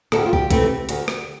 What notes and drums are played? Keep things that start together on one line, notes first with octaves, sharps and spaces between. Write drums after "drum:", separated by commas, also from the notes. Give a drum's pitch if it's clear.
D2 A4, drum: rim click
G4
F4
G4, drum: kick
C3 E3 A3 C4, drum: kick, hi-hat
D2, drum: hi-hat
drum: rim click